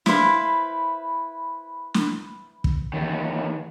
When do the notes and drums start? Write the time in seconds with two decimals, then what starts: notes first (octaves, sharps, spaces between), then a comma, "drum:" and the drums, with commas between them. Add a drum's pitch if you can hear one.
0.06 E4 B4 C5 F5, drum: snare
1.94 drum: snare
2.64 drum: kick
2.93 E2 D#3